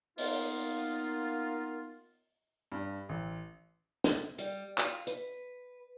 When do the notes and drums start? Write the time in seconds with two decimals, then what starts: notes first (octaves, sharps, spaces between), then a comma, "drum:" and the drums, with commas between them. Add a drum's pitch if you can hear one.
0.18 A#3 B3 D#4 F4, drum: open hi-hat
2.72 G2
3.09 A1
4.04 drum: snare
4.38 G3, drum: hi-hat
4.78 F4, drum: clap
5.07 B4, drum: hi-hat